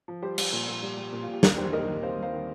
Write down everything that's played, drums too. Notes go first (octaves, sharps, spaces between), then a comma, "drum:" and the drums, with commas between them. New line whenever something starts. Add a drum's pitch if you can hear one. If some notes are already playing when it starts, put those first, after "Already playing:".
F3
G3 G4 C5
G3, drum: cymbal
A#2
A#2
G3
G3
A#2
A#2 F4
G4
D#2 F4 A#4, drum: snare
G3 G4 C5
D#2 A#4 D#5
D#3
C4 C5 F5
G3 C5 F5
D#3